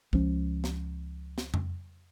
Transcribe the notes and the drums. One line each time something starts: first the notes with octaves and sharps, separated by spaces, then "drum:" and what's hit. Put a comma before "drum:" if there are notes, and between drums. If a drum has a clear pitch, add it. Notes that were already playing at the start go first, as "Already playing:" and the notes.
C#2 F3 C#4, drum: kick
drum: snare
drum: snare
drum: tom F2